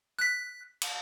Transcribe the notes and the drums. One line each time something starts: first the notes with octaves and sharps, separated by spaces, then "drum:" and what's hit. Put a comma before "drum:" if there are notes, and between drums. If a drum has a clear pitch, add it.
F#6 B6
drum: cymbal